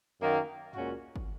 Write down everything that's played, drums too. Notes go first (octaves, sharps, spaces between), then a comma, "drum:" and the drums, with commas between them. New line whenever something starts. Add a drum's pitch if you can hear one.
F#2 D#3 A#3
A#2 G#3 C#4 F#4, drum: tom
drum: kick